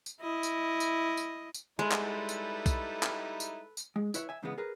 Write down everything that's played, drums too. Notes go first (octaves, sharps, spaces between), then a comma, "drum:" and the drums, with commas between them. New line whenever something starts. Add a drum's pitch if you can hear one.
drum: tambourine
E4 D#5
drum: tambourine
drum: tambourine
drum: tambourine
drum: tambourine
G3 G#3 D#4 E4 A4 B4
drum: clap
drum: tambourine
drum: kick B1, tambourine
drum: clap
drum: tambourine
drum: tambourine
G#3
E4 B4 C#5 E5, drum: tambourine
E5 G#5
G#2 C#3 E3 G#3 B3
G#4 A#4 B4